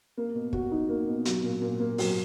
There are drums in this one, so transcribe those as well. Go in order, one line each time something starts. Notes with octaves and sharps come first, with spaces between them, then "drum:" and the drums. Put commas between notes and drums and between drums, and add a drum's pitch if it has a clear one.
A#3
B2
F#4, drum: kick
D#4
A#3
B2
F#3, drum: hi-hat
A#2
A#2
A#3
F#3, drum: open hi-hat